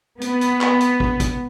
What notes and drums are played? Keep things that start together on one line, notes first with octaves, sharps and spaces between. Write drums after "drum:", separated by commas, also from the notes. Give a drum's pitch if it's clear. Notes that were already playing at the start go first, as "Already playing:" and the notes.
B3, drum: hi-hat
drum: hi-hat
drum: clap
drum: hi-hat
drum: kick
drum: kick, hi-hat